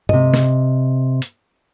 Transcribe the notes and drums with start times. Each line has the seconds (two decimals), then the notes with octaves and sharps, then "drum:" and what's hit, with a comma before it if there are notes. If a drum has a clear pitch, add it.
0.09 C3 D#5, drum: tom G2
0.34 drum: snare
1.22 drum: hi-hat